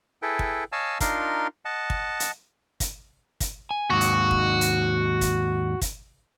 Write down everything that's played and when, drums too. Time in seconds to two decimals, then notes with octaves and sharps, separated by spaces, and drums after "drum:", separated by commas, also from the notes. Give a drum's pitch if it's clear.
0.22 E4 G#4 A4 B4 G5
0.39 drum: kick
0.72 C#5 D#5 F5 G#5 A5 E6
1.00 D4 D#4 F4 A#4 F5 C6, drum: kick, hi-hat
1.65 D#5 F#5 A5
1.90 drum: kick
2.20 drum: hi-hat
2.80 drum: kick, hi-hat
3.40 drum: kick, hi-hat
3.71 G#5
3.90 D#2 G#2 F#4
4.01 drum: hi-hat
4.31 drum: kick
4.61 drum: hi-hat
5.21 drum: kick, hi-hat
5.81 drum: kick, hi-hat